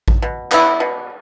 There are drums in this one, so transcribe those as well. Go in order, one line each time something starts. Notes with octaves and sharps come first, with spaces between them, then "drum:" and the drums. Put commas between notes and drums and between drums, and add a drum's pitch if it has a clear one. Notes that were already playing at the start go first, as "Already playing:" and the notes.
drum: kick A1
B2
B3 E4, drum: clap
B2